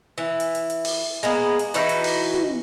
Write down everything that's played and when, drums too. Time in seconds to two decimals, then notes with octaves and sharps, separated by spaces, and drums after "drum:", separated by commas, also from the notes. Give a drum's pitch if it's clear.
0.18 E3
0.40 drum: hi-hat
0.55 drum: hi-hat
0.70 drum: hi-hat
0.85 drum: open hi-hat
1.23 G#3 A#3 B3
1.59 drum: hi-hat
1.74 E3 D#4 F#4 B4, drum: hi-hat
1.89 drum: hi-hat
2.04 drum: open hi-hat
2.34 drum: tom